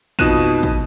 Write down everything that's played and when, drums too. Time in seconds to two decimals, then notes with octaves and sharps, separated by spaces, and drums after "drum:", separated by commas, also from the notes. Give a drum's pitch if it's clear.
0.19 F2 B2 D#4 F#6 D#7 E7, drum: kick
0.63 drum: kick